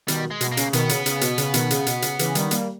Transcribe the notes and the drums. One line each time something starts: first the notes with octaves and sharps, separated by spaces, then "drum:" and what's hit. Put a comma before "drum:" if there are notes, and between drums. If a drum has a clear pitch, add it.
B2 D#3 G3, drum: hi-hat
G#3
B2, drum: hi-hat
A#3
C#3, drum: hi-hat
B2 D#3 B3, drum: hi-hat
C#3, drum: hi-hat
C#3, drum: hi-hat
B2, drum: hi-hat
C#3, drum: hi-hat
B2 D#3, drum: hi-hat
C#3, drum: hi-hat
B2, drum: hi-hat
C#3, drum: hi-hat
C#3 E3, drum: hi-hat
D#3 G3, drum: hi-hat
G3 A#3, drum: hi-hat